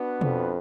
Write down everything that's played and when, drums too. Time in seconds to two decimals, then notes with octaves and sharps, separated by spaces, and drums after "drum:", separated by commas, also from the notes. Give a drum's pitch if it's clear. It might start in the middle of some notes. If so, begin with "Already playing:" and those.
Already playing: B3 D4 F#4 B4
0.21 F2, drum: tom B2